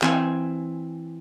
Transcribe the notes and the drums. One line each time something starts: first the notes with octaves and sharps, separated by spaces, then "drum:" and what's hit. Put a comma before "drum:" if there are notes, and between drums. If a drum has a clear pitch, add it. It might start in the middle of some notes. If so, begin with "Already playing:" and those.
E3 C4 G#5, drum: clap